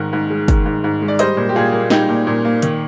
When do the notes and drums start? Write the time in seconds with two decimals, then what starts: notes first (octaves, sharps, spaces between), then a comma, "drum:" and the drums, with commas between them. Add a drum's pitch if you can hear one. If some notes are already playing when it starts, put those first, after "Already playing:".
Already playing: G#2 D#3 A#4
0.13 G#2
0.30 G#3
0.48 D#3, drum: kick, hi-hat
0.66 G#2
0.84 G#2
1.02 G#3
1.08 D5
1.19 G3 C5 D#5, drum: hi-hat
1.37 A#2
1.49 G4
1.55 A#2 F4 G#4
1.73 A#3
1.90 G3 D#4 G4, drum: snare
2.09 A#2
2.27 A#2
2.45 A#3
2.62 D#3, drum: hi-hat